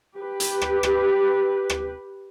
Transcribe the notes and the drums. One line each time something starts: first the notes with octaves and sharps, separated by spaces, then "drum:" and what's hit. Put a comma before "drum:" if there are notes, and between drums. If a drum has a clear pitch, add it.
G4 B4
drum: hi-hat
drum: rim click
drum: rim click
drum: rim click